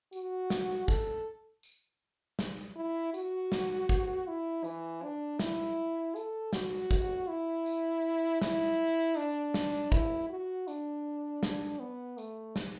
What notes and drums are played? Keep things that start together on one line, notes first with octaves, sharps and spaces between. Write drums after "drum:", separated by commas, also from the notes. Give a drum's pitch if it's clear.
F#4, drum: tambourine
drum: snare
A4, drum: kick, tambourine
drum: tambourine
drum: snare
E4
F#4, drum: tambourine
drum: snare
drum: kick, tambourine
E4
E3, drum: tambourine
D4
E4, drum: snare
A4, drum: tambourine
F#4, drum: snare
drum: kick, tambourine
E4
drum: tambourine
E4, drum: snare
D4, drum: tambourine
drum: snare
E4, drum: kick, tambourine
F#4
D4, drum: tambourine
drum: snare
B3
A3, drum: tambourine
drum: snare